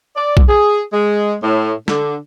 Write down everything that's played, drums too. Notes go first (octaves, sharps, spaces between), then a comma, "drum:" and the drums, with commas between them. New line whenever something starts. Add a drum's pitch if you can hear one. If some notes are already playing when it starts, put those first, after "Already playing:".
D5
drum: kick
G#4
G#3
A2
D3, drum: snare